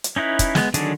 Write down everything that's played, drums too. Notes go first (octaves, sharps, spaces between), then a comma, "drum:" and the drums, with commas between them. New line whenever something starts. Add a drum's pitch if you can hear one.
drum: hi-hat
C#4 D#4 E4 B4
drum: kick, hi-hat
G#3 B3, drum: snare
D3 D#3 F#3 D4 G#4, drum: hi-hat